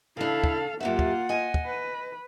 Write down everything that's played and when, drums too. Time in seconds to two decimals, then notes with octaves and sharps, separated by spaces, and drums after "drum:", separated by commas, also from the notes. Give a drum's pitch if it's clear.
0.17 C#3 D4 E4 A4 F5
0.44 drum: kick
0.80 F#2 A#3 F4 G4 E5 F#5
0.99 drum: kick
1.29 D#5 G#5
1.54 drum: kick
1.66 B4